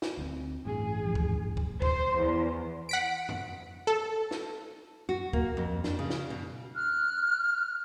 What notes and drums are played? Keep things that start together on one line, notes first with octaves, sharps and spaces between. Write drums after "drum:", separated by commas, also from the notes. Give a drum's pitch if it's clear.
drum: snare
D2 A3 C4
A1 G2 G#4
D#2 G#2 F3
drum: kick
drum: kick
C5, drum: kick
E2
F#5 B6 D7
drum: tom F2
A4
drum: snare
F#4
A#3, drum: kick
F2
D4, drum: snare
C#3
drum: snare
B2
F6 F#6